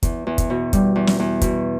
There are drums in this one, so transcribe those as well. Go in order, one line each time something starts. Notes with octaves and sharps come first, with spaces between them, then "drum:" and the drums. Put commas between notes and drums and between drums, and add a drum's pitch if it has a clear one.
E2, drum: kick, hi-hat
E2
drum: kick, hi-hat
B2
G3, drum: kick, hi-hat
E2
drum: snare
E2
B2, drum: kick, hi-hat